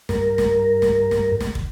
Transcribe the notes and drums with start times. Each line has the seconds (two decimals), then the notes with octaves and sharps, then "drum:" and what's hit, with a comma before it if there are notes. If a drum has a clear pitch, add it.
0.09 G2 A#4, drum: snare
0.38 drum: snare
0.82 drum: snare
1.11 drum: snare
1.41 drum: snare
1.55 drum: kick